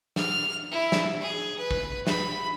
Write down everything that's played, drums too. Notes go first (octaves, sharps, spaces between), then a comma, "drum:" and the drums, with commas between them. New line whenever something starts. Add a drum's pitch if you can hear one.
F6, drum: snare
E4
drum: snare
G#4
B4
drum: kick
B5, drum: snare